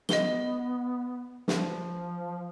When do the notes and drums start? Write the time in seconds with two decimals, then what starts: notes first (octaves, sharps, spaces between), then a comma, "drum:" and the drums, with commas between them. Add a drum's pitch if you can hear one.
0.09 B3 D#5 G7, drum: snare
1.48 F3, drum: snare